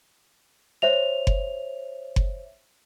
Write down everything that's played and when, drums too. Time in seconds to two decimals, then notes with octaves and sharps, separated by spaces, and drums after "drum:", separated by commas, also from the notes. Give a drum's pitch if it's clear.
0.82 C5 C#5 E5 F7
1.27 drum: kick F#1
2.16 drum: kick F#1